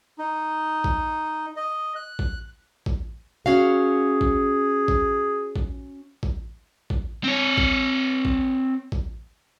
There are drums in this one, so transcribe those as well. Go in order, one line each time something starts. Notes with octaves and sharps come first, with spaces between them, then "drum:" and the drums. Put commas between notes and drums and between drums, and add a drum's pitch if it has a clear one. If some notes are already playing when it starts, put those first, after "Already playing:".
D#4
drum: kick A1
D#5
F#6
drum: kick A1
drum: kick A1
C#4 F#4 G#4 F5
drum: kick A1
drum: kick A1
drum: kick A1
drum: kick A1
drum: kick A1
C4 C#5
drum: kick A1
drum: kick A1
drum: kick A1